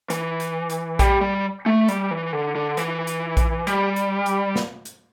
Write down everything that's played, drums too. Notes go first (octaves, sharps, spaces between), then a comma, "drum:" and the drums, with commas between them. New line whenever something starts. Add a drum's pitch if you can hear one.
E3, drum: hi-hat
drum: hi-hat
drum: hi-hat
G3, drum: kick A#1, hi-hat
G3
A3
G3, drum: hi-hat
E3
D3
D3
E3, drum: hi-hat
drum: hi-hat
drum: kick A#1, hi-hat
G3, drum: hi-hat
drum: hi-hat
drum: hi-hat
drum: snare
drum: hi-hat